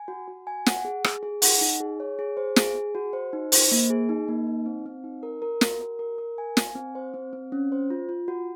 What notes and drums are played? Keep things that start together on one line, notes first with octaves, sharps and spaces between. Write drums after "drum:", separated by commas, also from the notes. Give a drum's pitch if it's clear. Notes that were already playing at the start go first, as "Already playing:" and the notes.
Already playing: G#5
F#4
F#4
G#5
F#5, drum: snare
G#4
G#4, drum: rim click
G#4
F#5, drum: open hi-hat
D#4
G#4
C#5
G#4
C5
G#4, drum: snare
G#4
F#4
C5
D#4
C5, drum: open hi-hat
A#3
G#4
D#4
A#3
D#4
C4
C4
D#4
A#4
A#4
F#4, drum: snare
A#4
A#4
A#4
G#5
G#5, drum: snare
C4
C5
C4
C4
C#4
C5
F4
F4
F#4